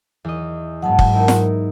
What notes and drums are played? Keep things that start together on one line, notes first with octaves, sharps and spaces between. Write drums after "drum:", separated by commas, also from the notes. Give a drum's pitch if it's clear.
E2 D#5
G#2 F#3 B3 F#5 A5
drum: kick
D#4 E4 A#4
drum: snare